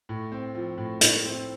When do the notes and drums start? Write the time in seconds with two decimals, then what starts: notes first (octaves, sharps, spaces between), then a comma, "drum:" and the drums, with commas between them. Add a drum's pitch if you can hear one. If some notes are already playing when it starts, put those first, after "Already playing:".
0.09 A2
0.32 C4
0.55 F3
0.78 A2
1.01 A2, drum: hi-hat
1.25 C4